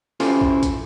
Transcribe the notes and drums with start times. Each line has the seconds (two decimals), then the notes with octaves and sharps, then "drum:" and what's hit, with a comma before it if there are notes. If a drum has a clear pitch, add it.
0.20 C#4 E4 F4 G4 A4 C5, drum: open hi-hat
0.41 drum: kick
0.63 drum: kick, hi-hat